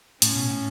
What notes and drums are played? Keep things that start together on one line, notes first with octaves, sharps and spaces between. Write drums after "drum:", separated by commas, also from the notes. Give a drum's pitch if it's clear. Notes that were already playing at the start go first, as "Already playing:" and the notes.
A2 C#4, drum: hi-hat
B2
A2